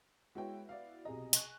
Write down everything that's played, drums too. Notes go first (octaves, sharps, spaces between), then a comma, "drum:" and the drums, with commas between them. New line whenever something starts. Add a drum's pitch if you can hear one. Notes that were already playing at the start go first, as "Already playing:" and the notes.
G#3 B3 E4 F#4 C#5 G5
D5 F5
B1 C3 G#4 D#5 A#5
G#5 C#6 F#6, drum: hi-hat